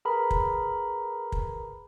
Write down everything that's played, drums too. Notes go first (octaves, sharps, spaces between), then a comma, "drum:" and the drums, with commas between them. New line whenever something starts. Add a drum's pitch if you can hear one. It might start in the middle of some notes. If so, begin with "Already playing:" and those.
G#4 A#4 B4 A#5 B5
drum: kick
drum: kick